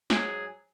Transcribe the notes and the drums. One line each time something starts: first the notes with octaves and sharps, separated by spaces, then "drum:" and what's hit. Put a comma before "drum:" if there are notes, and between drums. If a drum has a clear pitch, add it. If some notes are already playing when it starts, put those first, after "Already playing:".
G#2 F#3 G#4, drum: snare